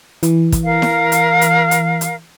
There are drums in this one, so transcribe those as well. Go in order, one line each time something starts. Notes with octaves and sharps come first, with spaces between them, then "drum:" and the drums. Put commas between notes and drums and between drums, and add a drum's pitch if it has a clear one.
E3, drum: hi-hat
drum: kick, hi-hat
A#4 F5
drum: snare E4
drum: hi-hat
drum: hi-hat
drum: hi-hat
drum: hi-hat